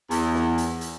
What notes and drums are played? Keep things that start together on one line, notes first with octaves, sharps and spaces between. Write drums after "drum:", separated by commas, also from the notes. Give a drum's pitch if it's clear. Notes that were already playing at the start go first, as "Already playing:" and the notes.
E2, drum: hi-hat
drum: snare
drum: hi-hat
drum: hi-hat